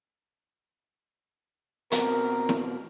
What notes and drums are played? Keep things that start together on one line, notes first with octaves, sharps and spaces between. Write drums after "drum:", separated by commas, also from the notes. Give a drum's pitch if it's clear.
B2 A#3 C4 A#4, drum: hi-hat
drum: snare E4